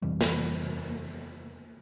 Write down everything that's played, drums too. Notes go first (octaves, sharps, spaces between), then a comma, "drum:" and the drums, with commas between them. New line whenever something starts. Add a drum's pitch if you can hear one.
F2 C3 E3 G3
drum: snare